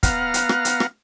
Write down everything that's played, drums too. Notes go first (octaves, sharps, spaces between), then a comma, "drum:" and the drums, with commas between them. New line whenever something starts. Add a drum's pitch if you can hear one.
B3 F5 F#5 A#5 F6, drum: kick, hi-hat
drum: hi-hat
drum: rim click
drum: hi-hat
drum: rim click